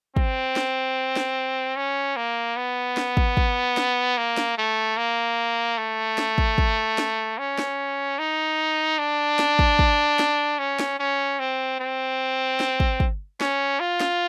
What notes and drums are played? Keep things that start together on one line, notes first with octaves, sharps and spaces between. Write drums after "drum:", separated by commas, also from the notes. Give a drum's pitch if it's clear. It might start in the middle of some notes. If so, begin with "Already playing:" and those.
C4, drum: kick
drum: snare
drum: snare
C#4
A#3
B3
drum: snare
drum: kick
drum: kick
drum: snare
A#3
drum: snare
A3
A#3
A3
drum: snare
drum: kick
drum: kick
drum: snare
C#4
drum: snare
D#4
D4
drum: snare
drum: kick
drum: kick
drum: snare
C#4
drum: snare
C#4
C4
C4
drum: snare
drum: kick
drum: kick
C#4, drum: snare
F4
drum: snare